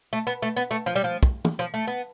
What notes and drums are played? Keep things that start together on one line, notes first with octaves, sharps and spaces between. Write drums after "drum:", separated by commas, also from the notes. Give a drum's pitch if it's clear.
A3
B3
A3
B3
A3
F3
G3
F3
drum: kick
drum: tom
F3
A3
B3